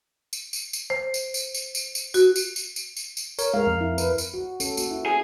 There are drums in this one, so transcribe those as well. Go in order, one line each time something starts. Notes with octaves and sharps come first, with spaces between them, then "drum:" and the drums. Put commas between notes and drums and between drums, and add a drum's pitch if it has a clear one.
drum: tambourine
drum: tambourine
drum: tambourine
C5
drum: tambourine
drum: tambourine
drum: tambourine
drum: tambourine
drum: tambourine
F#4, drum: tambourine
drum: tambourine
drum: tambourine
drum: tambourine
drum: tambourine
drum: tambourine
A#4 C#5, drum: tambourine
G#3 A#4 F5
F2
E4
B4, drum: tambourine
drum: tambourine
F#4
C#4 A4, drum: tambourine
A#3 F#4, drum: tambourine
E4
G#4